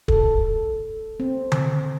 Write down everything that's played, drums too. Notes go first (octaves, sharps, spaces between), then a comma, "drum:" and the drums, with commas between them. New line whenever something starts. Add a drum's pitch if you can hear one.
A4, drum: kick
C4
drum: tom D3